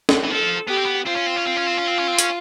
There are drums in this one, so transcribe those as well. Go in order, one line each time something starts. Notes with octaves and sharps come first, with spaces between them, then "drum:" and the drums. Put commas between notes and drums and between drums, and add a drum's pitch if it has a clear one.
drum: snare
E3
F3 A4
B3 G4
C4
B3
C4 F4
C#4
C4
C#4
C4
C#4
C4
C#4
C4
C#4
C4
C#4, drum: hi-hat